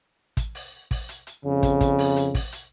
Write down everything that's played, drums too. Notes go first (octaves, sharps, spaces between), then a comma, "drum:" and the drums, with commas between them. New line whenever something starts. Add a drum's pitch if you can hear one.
drum: kick, hi-hat
drum: open hi-hat
drum: kick, open hi-hat
drum: hi-hat
drum: hi-hat
F2 C#3
drum: kick, hi-hat
drum: kick, hi-hat
drum: open hi-hat
drum: hi-hat
drum: kick, open hi-hat
drum: hi-hat